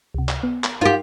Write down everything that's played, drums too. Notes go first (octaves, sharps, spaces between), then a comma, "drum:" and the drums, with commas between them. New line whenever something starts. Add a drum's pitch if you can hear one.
C#2 C3
drum: clap
B3
drum: clap
D#4 F4 G4 A#4